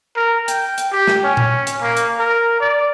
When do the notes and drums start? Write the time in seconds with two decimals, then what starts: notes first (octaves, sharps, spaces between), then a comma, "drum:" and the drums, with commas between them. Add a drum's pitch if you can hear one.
0.16 A#4
0.48 G5, drum: hi-hat
0.78 drum: hi-hat
0.92 G4
1.07 drum: snare
1.24 C#4
1.37 drum: tom A#2
1.67 drum: hi-hat
1.82 A#3
1.97 drum: hi-hat
2.19 A#4
2.60 D5